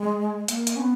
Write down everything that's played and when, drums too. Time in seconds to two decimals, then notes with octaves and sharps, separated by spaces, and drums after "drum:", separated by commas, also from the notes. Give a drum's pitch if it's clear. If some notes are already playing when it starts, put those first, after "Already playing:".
Already playing: G#3
0.48 A#3, drum: hi-hat
0.67 drum: hi-hat
0.76 C#4
0.80 B3